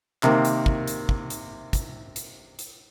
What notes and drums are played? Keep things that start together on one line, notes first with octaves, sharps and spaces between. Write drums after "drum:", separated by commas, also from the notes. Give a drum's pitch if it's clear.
C3 D#3 A#3 C4, drum: clap
drum: hi-hat
drum: kick
drum: hi-hat
drum: kick
drum: hi-hat
drum: kick, hi-hat
drum: hi-hat
drum: hi-hat